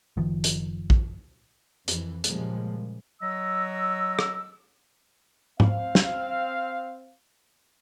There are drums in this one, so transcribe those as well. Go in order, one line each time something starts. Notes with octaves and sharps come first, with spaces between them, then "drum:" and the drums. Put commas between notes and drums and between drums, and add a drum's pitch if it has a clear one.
F#1 D#3 F3
drum: hi-hat
drum: kick A#1
F2 E3, drum: hi-hat
A#2 C#3 F3 G3 G#3 A#3, drum: hi-hat
F#3 D#5 E6
drum: rim click
C4 F5, drum: tom G#2
drum: snare